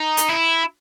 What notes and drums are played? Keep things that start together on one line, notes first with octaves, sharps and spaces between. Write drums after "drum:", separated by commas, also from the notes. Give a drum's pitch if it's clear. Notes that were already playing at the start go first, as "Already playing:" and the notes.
Already playing: D#4
drum: hi-hat
E4